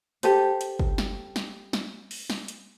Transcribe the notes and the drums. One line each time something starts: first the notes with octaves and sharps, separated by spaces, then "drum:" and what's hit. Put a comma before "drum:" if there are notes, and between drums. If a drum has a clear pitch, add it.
G4 A4 C5, drum: hi-hat
drum: hi-hat
drum: kick
drum: snare
drum: snare
drum: snare
drum: open hi-hat
drum: snare
drum: hi-hat